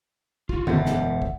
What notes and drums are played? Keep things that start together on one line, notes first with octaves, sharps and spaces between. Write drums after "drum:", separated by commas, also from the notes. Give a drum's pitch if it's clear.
F4 F#4, drum: kick
E1 F#2 E5 F#5, drum: tom D3
drum: snare
drum: kick